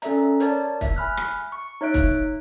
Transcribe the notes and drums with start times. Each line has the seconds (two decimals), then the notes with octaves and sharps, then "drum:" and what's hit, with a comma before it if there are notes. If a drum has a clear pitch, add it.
0.02 C#4 A4 A#4 D5 E5 A#5, drum: hi-hat
0.40 A#4 C#5 D5 A5, drum: hi-hat
0.81 E5, drum: kick, hi-hat
0.96 G#5 B5 F6 F#6
1.17 drum: rim click
1.52 C#6
1.81 D#4 C#5 E5 F#6 D7
1.94 drum: kick, hi-hat